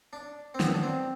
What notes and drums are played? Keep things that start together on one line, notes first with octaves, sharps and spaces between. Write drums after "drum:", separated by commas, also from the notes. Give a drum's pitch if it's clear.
D4
C4
B3, drum: snare
D4
C4